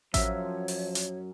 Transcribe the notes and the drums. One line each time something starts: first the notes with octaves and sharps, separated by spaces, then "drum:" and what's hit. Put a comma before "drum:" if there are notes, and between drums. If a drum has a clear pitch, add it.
F#2 F3 C#5 E5, drum: kick A1, hi-hat
drum: open hi-hat
drum: hi-hat